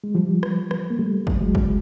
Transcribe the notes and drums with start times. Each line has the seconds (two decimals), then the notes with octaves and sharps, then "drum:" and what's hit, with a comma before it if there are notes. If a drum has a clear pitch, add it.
0.04 G#3
0.15 F3 G3
0.43 drum: rim click
0.71 drum: rim click
0.90 A#3
0.99 G3 A3
1.27 drum: kick
1.41 F#3 G#3
1.55 drum: kick